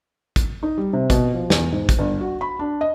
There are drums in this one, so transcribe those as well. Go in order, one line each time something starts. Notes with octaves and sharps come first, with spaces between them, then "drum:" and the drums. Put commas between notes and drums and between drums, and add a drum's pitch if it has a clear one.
drum: kick, hi-hat
D#4
G3
C3
B2, drum: kick, hi-hat
F3
E2, drum: snare
G#2
drum: kick, hi-hat
G1
F#4
B5
D4
D#5